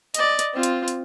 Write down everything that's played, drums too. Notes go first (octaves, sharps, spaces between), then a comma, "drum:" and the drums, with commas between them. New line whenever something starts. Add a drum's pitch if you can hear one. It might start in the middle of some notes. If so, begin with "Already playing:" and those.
D5 D#5, drum: hi-hat
drum: hi-hat
C4 F4
drum: hi-hat
drum: hi-hat